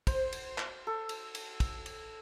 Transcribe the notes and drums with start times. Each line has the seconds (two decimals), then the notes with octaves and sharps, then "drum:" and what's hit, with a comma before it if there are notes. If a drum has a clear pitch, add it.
0.07 C5, drum: kick, cymbal
0.33 drum: cymbal
0.58 drum: clap
0.87 A4
1.09 drum: cymbal
1.35 drum: cymbal
1.60 drum: kick, cymbal
1.86 drum: cymbal